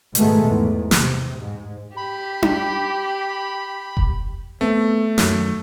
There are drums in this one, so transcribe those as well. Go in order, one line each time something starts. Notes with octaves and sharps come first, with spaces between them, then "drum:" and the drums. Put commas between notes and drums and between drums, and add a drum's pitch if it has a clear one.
G#2 B2 D#3 G#3 A3 B3, drum: hi-hat
E2 G#2
C3, drum: snare
G#2
G4 B5
drum: tom D4
drum: kick F1
A3 B3 C4
F#2 D#3 F#3, drum: snare